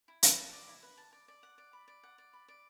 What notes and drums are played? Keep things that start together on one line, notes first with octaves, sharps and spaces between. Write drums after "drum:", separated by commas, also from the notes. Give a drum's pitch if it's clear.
E4
B4, drum: hi-hat
A5
D5
E4
B4
A5
D5
D5
F#5
D5
B5
D5
F#5
D5
B5
D5